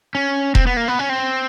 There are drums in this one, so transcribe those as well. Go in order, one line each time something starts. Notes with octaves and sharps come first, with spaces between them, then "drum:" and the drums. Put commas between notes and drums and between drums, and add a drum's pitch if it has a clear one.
C#4
C4, drum: kick E1
B3
A#3
B3
C#4
C4